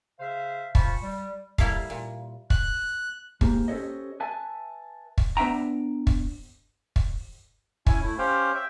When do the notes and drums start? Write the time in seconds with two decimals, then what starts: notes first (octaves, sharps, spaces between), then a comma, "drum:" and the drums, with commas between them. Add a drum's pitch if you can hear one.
0.20 C#3 C5 E5 F5
0.75 A#2 C5 F5 A5 B5 C#6, drum: kick
1.02 G3
1.58 G3 A#3 E4 A4 F5, drum: kick
1.90 A#2
2.50 F#6, drum: kick
3.41 G#2 A#3 G4, drum: kick
3.68 C#4 G4 A4 C5 C#5 D#5
4.20 B4 E5 G#5 A5
5.18 drum: kick
5.37 B3 D4 E5 G5 A#5
6.07 drum: kick
6.96 drum: kick
7.87 C#4 E4 G#5, drum: kick
8.03 A3 E4
8.18 C#4 G4 C5 F5 G5
8.55 E5 G5